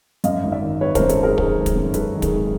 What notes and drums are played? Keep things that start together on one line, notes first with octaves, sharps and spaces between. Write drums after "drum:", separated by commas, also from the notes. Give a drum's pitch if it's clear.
F#2 D#5 F5, drum: hi-hat
G#1
D5 E5
D#3
G#1 B4 C#5
A#4 C5, drum: kick, hi-hat
F#2
A4 B4, drum: hi-hat
G#1
G#4 A#4
D#3 G#4 A#4, drum: kick
G#1
drum: kick, hi-hat
F#2
G#1 A4 B4, drum: hi-hat
D#3
G#4 A#4, drum: kick, hi-hat
G#1